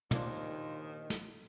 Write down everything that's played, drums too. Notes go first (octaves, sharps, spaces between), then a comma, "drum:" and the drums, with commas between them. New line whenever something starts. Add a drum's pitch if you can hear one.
D#2 A#2 D#3 A#3 D4 D#4 C5, drum: tom
drum: snare